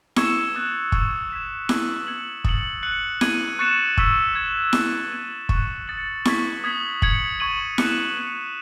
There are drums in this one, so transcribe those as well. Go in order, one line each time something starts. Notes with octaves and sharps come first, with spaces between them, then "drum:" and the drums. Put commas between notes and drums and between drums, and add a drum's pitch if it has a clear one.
C#6 E6 G#6 C#7 E7, drum: snare E4
D#6 F#6 A6 E7
C#6 G#6 C#7 E7, drum: kick
G#6 B6 E7
D#6 G#6 D#7 F#7, drum: snare E4
G#6 C#7 F#7
D#6 A6 C#7 F#7, drum: kick
F#6 C#7 F#7
G#6 D#7 F#7, drum: snare E4
C#6 F#6 A6 C#7 E7
C#6 E6 B6 D#7, drum: kick
C#6 G#6 C#7
C#6 E6 B6, drum: snare E4
G#6 D#7 F#7
C#6 F#6 C#7, drum: kick
D#6 A6 C#7 F#7
C#6 G#6 B6, drum: snare E4
D#6 G#6 B6 F#7
G#6 C#7 F#7, drum: kick
C#6 G#6 D#7 F#7
F#6 C#7 E7, drum: snare E4
G#6 C#7 F#7